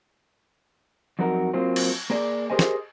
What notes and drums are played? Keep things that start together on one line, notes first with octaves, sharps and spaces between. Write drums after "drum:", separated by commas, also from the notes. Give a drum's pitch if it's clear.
F2 F#3 D#4 F#4 A#4
F#3 A#3 C4 F4
drum: cymbal
A#3 G#4 D5
G4 G#4 A#4 C5 D#5 G#5
drum: snare